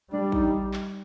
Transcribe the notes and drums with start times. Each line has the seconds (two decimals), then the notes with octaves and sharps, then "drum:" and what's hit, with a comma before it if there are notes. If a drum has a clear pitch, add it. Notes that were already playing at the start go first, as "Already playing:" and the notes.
0.12 G3 D4
0.32 D#4, drum: kick A1
0.74 drum: clap